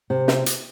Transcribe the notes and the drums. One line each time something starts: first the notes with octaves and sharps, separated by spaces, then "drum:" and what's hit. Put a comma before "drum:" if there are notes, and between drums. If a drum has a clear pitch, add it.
C3
drum: snare
drum: hi-hat